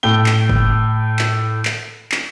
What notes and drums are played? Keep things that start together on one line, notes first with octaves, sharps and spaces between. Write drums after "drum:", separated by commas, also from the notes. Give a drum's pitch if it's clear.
A2 G5 G7
drum: clap
drum: kick F#1
drum: clap
drum: clap
drum: clap